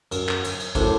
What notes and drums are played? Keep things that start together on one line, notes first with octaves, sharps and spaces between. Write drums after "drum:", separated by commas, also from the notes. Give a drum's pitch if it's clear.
F#2, drum: cymbal
drum: clap
G#5, drum: cymbal
drum: cymbal
F#2 A2 D4 C5, drum: kick A1, cymbal